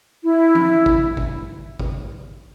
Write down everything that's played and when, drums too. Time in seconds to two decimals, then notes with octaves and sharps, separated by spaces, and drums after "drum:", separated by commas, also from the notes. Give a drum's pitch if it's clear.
0.24 E4
0.55 drum: tom F3
0.86 drum: kick
1.17 drum: kick
1.80 drum: kick